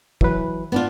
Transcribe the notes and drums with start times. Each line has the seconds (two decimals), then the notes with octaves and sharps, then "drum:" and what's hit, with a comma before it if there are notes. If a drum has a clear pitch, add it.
0.21 E3 F#3 B4, drum: kick
0.72 B3 D4 F4